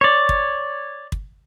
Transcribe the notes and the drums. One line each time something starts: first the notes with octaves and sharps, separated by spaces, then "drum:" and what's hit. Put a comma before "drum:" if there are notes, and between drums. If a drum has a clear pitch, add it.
C#5 D5
drum: kick
drum: kick